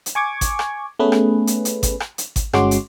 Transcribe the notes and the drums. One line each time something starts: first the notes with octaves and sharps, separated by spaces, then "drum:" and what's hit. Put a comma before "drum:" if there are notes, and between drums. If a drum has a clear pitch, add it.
drum: hi-hat
G#5 C#6 D6 G#6
drum: kick G#1, hi-hat
drum: rim click
A3 B3 C#4 G#4 B4
drum: rim click
drum: hi-hat
drum: hi-hat
drum: kick G#1, hi-hat
drum: rim click
drum: hi-hat
drum: kick G#1, hi-hat
G1 G#3 C#4 F#4 C6 D6, drum: rim click
drum: hi-hat